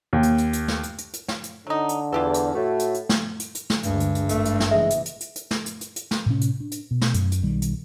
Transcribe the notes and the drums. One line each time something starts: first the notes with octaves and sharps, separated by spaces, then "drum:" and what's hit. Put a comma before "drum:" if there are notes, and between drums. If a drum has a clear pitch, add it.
D#2
drum: hi-hat
drum: hi-hat
drum: hi-hat
drum: snare
drum: hi-hat
drum: hi-hat
drum: hi-hat
drum: snare
drum: hi-hat
D3 F#3 D#4
drum: hi-hat
E2 F4 G4 A4
drum: hi-hat
A2 A3 F#4
drum: hi-hat
drum: hi-hat
drum: snare
drum: hi-hat
drum: hi-hat
drum: snare
D2 G2 G#3, drum: hi-hat
drum: hi-hat
drum: hi-hat
G#1 A3 A#3, drum: hi-hat
drum: hi-hat
drum: snare
G#2 C#3 E3 G#3 E5
drum: hi-hat
drum: hi-hat
drum: hi-hat
drum: hi-hat
drum: snare
drum: hi-hat
drum: hi-hat
drum: hi-hat
drum: snare
A2 C3 C#4
drum: hi-hat
D4
drum: hi-hat
B2
drum: snare
F#2, drum: hi-hat
drum: hi-hat
B1 D#3 G3
drum: hi-hat